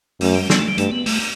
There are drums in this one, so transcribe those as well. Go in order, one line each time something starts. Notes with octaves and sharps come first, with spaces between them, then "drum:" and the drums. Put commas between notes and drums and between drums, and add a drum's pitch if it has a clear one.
F#2 A3, drum: open hi-hat
G3
B3, drum: snare
A3
G3
G2 A3, drum: hi-hat
B3
A3, drum: open hi-hat